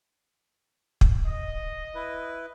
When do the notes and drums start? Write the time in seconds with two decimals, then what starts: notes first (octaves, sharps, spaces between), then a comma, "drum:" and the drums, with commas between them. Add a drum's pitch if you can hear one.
1.01 drum: kick
1.26 D#5
1.95 E4 B4